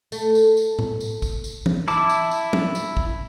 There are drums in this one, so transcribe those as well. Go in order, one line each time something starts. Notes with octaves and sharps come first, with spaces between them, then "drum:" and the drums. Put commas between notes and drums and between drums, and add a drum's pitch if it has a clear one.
A3, drum: tambourine
drum: tambourine
drum: tambourine
drum: tom A2
drum: tambourine
drum: kick A1, tambourine
drum: tambourine
drum: tom
E4 A5 D6, drum: tambourine
drum: tambourine
drum: tambourine
drum: tom
drum: tambourine
drum: kick A1